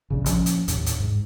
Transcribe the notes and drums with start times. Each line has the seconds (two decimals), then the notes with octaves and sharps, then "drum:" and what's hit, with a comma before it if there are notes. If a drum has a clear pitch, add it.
0.10 A#1 A#2 C#3
0.26 A#2 F3 C#4, drum: hi-hat
0.46 drum: hi-hat
0.68 D#2 A2, drum: hi-hat
0.86 drum: hi-hat
1.00 G#2